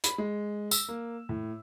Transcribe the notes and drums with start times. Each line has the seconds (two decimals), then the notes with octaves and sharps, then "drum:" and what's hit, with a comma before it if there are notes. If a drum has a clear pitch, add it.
0.04 B5, drum: hi-hat
0.18 G#3
0.71 E6, drum: tambourine
0.88 A#3
1.29 A2